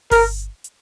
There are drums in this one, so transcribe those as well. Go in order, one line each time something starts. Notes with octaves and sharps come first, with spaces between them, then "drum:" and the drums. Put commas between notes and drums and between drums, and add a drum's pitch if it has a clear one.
A#4, drum: kick G1, open hi-hat
drum: hi-hat